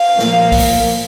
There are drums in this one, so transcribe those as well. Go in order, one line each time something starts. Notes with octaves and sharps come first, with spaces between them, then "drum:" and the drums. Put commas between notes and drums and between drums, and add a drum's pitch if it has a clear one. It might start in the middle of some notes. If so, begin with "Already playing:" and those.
Already playing: F5
A#2 F3 A#3, drum: snare
drum: kick B1, open hi-hat